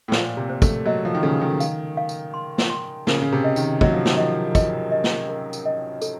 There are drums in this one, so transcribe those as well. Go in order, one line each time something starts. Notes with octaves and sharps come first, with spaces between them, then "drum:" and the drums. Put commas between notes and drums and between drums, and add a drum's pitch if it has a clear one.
A2
A#2 C5, drum: snare
C3
C5
A3, drum: kick, tambourine
F#3 D#5
F3
D#3
C#3 A4
D#3
F5, drum: tambourine
F5
drum: tambourine
C6
drum: snare
C6
C#3 A#4, drum: snare
C#3
C3
D#5
D#3, drum: tambourine
F#3 D#5, drum: kick
F3
D#3, drum: snare
F3 D#5
D#5, drum: kick, tambourine
D#5
drum: snare
A#4
drum: tambourine
D#5
A4, drum: tambourine